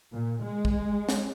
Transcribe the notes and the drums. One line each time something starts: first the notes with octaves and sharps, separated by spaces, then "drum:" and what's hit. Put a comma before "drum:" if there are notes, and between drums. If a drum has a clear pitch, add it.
A#2
G#3
drum: kick
drum: snare